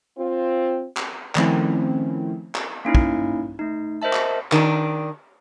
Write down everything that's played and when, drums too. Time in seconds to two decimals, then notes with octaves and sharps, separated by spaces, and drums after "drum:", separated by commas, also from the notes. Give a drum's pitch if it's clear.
0.18 C4 F4
0.97 drum: clap
1.35 D#3 F3 A3 C4 C#4 E4, drum: clap
2.55 drum: clap
2.85 A#3 C#4 D#4 E4
2.95 drum: kick
3.59 A3 D#4
4.02 A#4 C5 D#5 E5 A5
4.13 drum: clap
4.52 D#3 D4, drum: clap